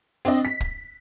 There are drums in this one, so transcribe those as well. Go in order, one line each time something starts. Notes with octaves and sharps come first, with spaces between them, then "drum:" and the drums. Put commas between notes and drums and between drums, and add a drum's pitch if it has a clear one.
C4 D4 D#5
B6
drum: kick